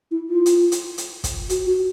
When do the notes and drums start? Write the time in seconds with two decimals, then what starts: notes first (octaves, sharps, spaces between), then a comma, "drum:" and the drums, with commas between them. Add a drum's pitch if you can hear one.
0.11 E4
0.29 F4
0.46 drum: hi-hat
0.72 drum: hi-hat
0.98 drum: hi-hat
1.24 drum: kick, hi-hat
1.50 F#4, drum: hi-hat
1.67 F#4